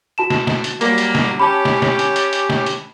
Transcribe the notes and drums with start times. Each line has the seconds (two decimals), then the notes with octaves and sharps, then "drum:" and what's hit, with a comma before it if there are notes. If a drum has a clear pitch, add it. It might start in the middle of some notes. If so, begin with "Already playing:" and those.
0.18 F#4 A5 E7
0.30 drum: snare
0.47 drum: snare
0.64 drum: hi-hat
0.81 F#3 G3 A#3, drum: hi-hat
0.98 drum: hi-hat
1.15 drum: snare
1.40 C#4 G4 A5 B5
1.65 drum: snare
1.82 drum: snare
1.99 drum: hi-hat
2.16 drum: hi-hat
2.33 drum: hi-hat
2.50 drum: snare
2.66 drum: hi-hat